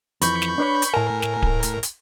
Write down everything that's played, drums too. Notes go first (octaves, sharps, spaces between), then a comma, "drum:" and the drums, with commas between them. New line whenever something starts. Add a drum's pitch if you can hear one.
F2 E3 B5 C#6 G6, drum: hi-hat
drum: snare
D4 B4 C#5
drum: hi-hat
A2 A#4 G#5
drum: snare
drum: kick D1
drum: hi-hat
drum: hi-hat